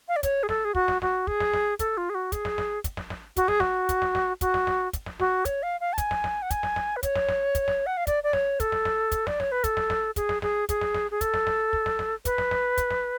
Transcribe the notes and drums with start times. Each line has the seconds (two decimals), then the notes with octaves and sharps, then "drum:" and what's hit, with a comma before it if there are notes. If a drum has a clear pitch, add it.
0.08 F5
0.16 D5
0.23 C#5, drum: kick, hi-hat
0.43 G#4
0.49 A4, drum: snare
0.65 G#4
0.75 F#4, drum: kick
0.88 drum: snare
1.02 F#4, drum: snare
1.27 G#4, drum: kick
1.40 drum: snare
1.54 drum: snare
1.79 A4, drum: kick, hi-hat
1.97 F4
2.10 G#4
2.15 F#4
2.32 G#4, drum: kick, hi-hat
2.45 drum: snare
2.58 drum: snare
2.84 drum: kick, hi-hat
2.97 drum: snare
3.10 drum: snare
3.36 F#4, drum: kick, hi-hat
3.48 G#4, drum: snare
3.60 F#4, drum: snare
3.89 drum: kick, hi-hat
4.02 drum: snare
4.15 drum: snare
4.41 F#4, drum: kick, hi-hat
4.54 drum: snare
4.67 drum: snare
4.93 drum: kick, hi-hat
5.06 drum: snare
5.20 F#4, drum: snare
5.45 C#5, drum: kick, hi-hat
5.63 F5
5.81 F5
5.93 A5
5.98 G#5, drum: kick, hi-hat
6.11 drum: snare
6.24 drum: snare
6.42 F#5
6.50 G#5, drum: kick, hi-hat
6.63 drum: snare
6.76 drum: snare
6.96 B4
7.03 C#5, drum: kick, hi-hat
7.16 drum: snare
7.29 drum: snare
7.55 drum: kick, hi-hat
7.68 drum: snare
7.86 F#5
7.97 F5
8.07 D5, drum: kick, hi-hat
8.24 D5
8.33 C#5, drum: snare
8.60 A4, drum: kick, hi-hat
8.72 drum: snare
8.85 drum: snare
9.12 drum: kick, hi-hat
9.27 D5, drum: snare
9.40 C#5, drum: snare
9.52 B4
9.64 A4, drum: kick, hi-hat
9.77 drum: snare
9.90 drum: snare
10.16 G#4, drum: kick, hi-hat
10.29 drum: snare
10.42 G#4, drum: snare
10.69 G#4, drum: kick, hi-hat
10.81 drum: snare
10.95 drum: snare
11.11 G#4
11.21 A4, drum: kick, hi-hat
11.34 drum: snare
11.47 drum: snare
11.73 drum: kick
11.86 drum: snare
11.99 drum: snare
12.25 B4, drum: kick, hi-hat
12.38 drum: snare
12.51 drum: snare
12.77 drum: kick, hi-hat
12.91 drum: snare